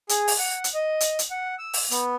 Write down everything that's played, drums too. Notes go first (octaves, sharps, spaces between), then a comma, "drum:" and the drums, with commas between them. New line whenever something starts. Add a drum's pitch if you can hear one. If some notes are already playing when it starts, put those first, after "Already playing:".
G#4, drum: hi-hat
drum: open hi-hat
F#5
drum: hi-hat
D#5
drum: hi-hat
drum: hi-hat
F#5
E6
drum: open hi-hat
B3, drum: hi-hat